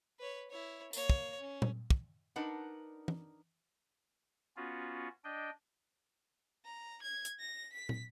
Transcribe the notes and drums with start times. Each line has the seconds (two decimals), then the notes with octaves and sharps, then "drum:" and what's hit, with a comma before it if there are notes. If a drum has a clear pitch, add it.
0.20 B4 C#5
0.51 E4 C#5
0.93 A#3 C#5, drum: tambourine
1.10 drum: kick
1.40 C#4
1.62 drum: tom A#2
1.90 drum: kick
2.36 D4 D#4 A#4 B4 F#5
3.08 drum: tom E3
4.56 B3 C#4 F4 F#4
5.24 D4 D#5 G5
6.65 A#5
7.02 G#6
7.25 drum: hi-hat
7.40 A#6
7.73 B6
7.89 drum: tom